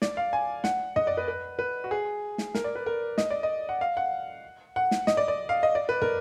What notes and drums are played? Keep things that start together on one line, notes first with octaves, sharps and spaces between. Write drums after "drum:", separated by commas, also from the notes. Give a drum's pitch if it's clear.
D5, drum: snare
F5
G#5
F#5, drum: snare
D#5, drum: tom
D5
B4
B4
B4
F#4
G#4
drum: snare
A#4, drum: snare
D5
B4
A#4
D#5, drum: snare
D5
D#5
F#5
F5
F#5
F#5
drum: snare
D#5, drum: snare
D5
D5
F5
D#5
D5
B4
A#4, drum: tom